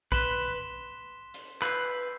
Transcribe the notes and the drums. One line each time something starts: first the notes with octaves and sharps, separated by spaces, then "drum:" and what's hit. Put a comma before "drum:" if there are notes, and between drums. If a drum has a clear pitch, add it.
B4 C6 F#6 B6 E7 G7, drum: kick A#1
drum: hi-hat
B4 E6 G6 C7, drum: clap